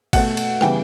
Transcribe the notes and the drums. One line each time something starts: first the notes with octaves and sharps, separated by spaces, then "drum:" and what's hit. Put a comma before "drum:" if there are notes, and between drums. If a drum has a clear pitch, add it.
B2 A3 F#5, drum: kick G#1, cymbal
drum: cymbal
C#3 E3 G3 B3 G5, drum: rim click